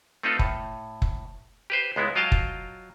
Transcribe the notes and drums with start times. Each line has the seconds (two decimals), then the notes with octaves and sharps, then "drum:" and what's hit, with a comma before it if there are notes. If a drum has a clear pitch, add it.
0.23 A3 C4 D#4 F4 A4 B4
0.39 A2, drum: kick
1.02 drum: kick
1.70 G4 B4 C5
1.96 C#2 G#3 B3 E4
2.15 F#3 F4 D#5 F5 G5 A5
2.32 drum: kick